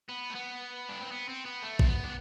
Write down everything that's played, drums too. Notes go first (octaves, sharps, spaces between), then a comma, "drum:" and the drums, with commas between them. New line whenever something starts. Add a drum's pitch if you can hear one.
B3
A3
B3
D4
C4
B3
C4
B3
A3
C4, drum: kick A#1
B3
D4